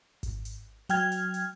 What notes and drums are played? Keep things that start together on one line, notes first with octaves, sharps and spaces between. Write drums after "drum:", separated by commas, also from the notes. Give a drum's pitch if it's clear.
drum: kick G#1, hi-hat
drum: hi-hat
F#3 G5 F6 G#6, drum: hi-hat
drum: hi-hat
drum: hi-hat